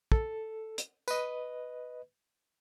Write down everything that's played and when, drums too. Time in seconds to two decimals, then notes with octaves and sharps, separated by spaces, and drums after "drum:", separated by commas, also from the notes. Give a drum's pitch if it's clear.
0.12 A4, drum: kick
0.78 drum: hi-hat
1.08 B4 D#5, drum: tambourine